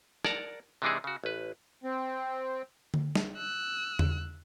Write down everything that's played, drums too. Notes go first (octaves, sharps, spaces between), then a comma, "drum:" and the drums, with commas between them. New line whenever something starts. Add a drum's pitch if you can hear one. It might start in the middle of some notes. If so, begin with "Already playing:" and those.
A#4 D5 F#5 A5 A#5, drum: rim click
C3 E3 G#3 D4 D#4 G#4
C#3 F#4
A1 B4
C4
drum: tom D3
drum: snare
E6 F#6
drum: tom E2